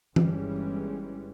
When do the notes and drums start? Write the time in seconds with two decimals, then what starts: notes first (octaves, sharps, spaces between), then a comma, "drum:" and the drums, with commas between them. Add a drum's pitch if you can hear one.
0.16 G1 E3 G3 G#3 C#4, drum: tom E3